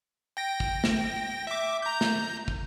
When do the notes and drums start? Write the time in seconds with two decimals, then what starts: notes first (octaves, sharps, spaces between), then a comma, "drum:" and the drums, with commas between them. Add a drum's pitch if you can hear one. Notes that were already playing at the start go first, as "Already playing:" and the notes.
0.37 G5 A#6
0.60 drum: kick
0.84 drum: snare
1.47 E5 D6
1.82 A#5 G6
2.01 drum: snare
2.48 drum: kick